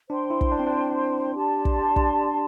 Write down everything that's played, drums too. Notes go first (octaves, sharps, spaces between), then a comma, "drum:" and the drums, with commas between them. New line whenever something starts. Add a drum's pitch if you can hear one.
D4 C5 G5 C6
E4
drum: kick
D4
C4
D4
G4 D5 A5 C6
drum: kick
D4, drum: kick